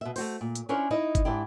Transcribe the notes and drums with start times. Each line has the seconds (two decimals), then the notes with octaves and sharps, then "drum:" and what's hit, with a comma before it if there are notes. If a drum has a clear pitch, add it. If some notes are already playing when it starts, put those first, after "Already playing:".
0.01 B2 E5
0.16 A3 F#4 C5, drum: open hi-hat
0.41 A#2
0.55 drum: hi-hat
0.69 C#4 D4 E4 F4 C5 C#5
0.91 D#4 E4 D#5
1.15 drum: kick G1, hi-hat
1.25 G#2 D4 E4 G4